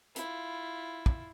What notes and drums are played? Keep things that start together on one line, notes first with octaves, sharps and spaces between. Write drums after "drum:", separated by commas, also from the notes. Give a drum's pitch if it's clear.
E4 F4, drum: hi-hat
drum: kick